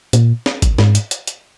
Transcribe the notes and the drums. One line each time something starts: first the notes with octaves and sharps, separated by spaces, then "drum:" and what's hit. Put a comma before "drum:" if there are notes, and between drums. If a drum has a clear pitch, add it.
A#2, drum: hi-hat
drum: snare
drum: kick G#1, hi-hat
G#2, drum: snare
drum: hi-hat
drum: hi-hat
drum: hi-hat